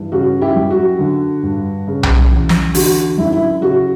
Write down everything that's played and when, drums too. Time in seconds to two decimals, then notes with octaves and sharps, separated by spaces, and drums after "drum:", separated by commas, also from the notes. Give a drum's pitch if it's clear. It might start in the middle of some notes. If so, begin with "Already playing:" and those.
Already playing: G2 E3
0.12 C#3 F#4
0.41 E4 G4
0.56 F#2
0.71 F#4
0.99 D3
1.43 G2
1.87 C#3
2.03 drum: tom B1
2.31 E2
2.49 drum: snare
2.75 D3 F#4, drum: open hi-hat
3.18 F#2 E4
3.33 E4
3.62 C#3 F#4